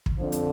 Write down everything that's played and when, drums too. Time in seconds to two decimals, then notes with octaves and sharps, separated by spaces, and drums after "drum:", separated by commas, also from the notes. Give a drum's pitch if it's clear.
0.06 drum: kick
0.19 F2 D3 F3
0.32 drum: hi-hat